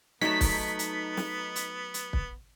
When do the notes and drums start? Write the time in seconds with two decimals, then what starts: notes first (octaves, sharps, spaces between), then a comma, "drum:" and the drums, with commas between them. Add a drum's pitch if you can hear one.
0.21 F#3 A3 B3 D#4 B6, drum: snare
0.41 drum: kick, open hi-hat
0.79 drum: hi-hat
1.17 drum: snare
1.56 drum: hi-hat
1.94 drum: hi-hat
2.13 drum: kick